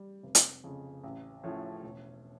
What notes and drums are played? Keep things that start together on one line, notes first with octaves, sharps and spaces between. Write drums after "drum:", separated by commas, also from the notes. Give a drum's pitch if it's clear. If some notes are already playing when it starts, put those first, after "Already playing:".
Already playing: G3
F1
drum: hi-hat
F2 C#3
A1
A2 F3 A3 C#4
E1